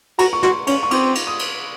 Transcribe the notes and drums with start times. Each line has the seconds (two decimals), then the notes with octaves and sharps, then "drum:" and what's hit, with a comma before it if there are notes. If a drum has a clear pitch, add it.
0.19 F#4 A#5, drum: cymbal
0.33 C#6
0.43 F#4 C6, drum: snare
0.67 C#4 C#6, drum: cymbal
0.83 C#6
0.91 C4 D6, drum: cymbal
1.15 drum: cymbal
1.27 D#6
1.39 drum: cymbal